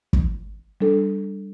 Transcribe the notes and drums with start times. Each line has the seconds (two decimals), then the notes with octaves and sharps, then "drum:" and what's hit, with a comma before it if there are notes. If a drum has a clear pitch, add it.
0.13 drum: kick
0.81 G3 D4 A4